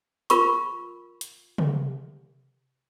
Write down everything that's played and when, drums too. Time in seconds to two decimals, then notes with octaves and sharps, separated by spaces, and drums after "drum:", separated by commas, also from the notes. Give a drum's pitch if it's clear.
0.30 F4 A#4 B5 C#6, drum: hi-hat
1.21 drum: hi-hat
1.58 drum: tom